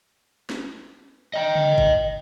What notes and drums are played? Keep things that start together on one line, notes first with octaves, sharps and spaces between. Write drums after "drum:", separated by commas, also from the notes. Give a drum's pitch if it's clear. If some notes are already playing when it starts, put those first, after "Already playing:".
drum: snare
D#5 G5
drum: tom C#3
drum: kick G1